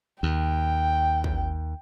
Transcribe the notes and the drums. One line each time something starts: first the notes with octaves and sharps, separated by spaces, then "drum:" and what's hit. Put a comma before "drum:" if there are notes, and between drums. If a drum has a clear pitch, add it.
D#2 G5
drum: kick